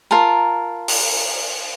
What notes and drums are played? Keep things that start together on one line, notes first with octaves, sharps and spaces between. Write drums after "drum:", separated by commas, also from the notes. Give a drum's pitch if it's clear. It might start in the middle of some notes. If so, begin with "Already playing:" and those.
F4 A#4 A5 A#5
drum: open hi-hat